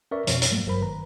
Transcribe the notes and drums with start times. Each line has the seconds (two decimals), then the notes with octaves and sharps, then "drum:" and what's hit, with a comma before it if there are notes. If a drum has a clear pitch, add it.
0.11 C#4 A#4 B4 D5 E5 C#6
0.27 F2 B2 F3, drum: hi-hat
0.42 drum: hi-hat
0.51 G#2 F#3 G3 A3 A#3
0.65 G#1 G2 F#3 A#4 C5 B5
0.81 D#3 B4 A#5